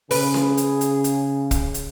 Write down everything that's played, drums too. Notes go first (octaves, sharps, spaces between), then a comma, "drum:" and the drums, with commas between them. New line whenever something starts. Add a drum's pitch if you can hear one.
C#3 G#4 B4, drum: open hi-hat
drum: snare C#4
drum: hi-hat
drum: hi-hat
drum: hi-hat
drum: kick, hi-hat
drum: hi-hat